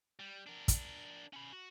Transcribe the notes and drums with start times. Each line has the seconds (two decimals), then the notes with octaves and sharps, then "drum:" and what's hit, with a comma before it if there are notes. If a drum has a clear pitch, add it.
0.19 G3
0.47 D4 A#4
0.68 drum: kick, hi-hat
1.33 C#4 B5
1.53 F#4